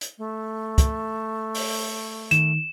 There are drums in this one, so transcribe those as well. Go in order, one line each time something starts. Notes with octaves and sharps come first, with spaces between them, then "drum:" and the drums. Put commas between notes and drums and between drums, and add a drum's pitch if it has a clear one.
drum: hi-hat
A3
drum: kick, hi-hat
drum: open hi-hat
D#3 E7, drum: hi-hat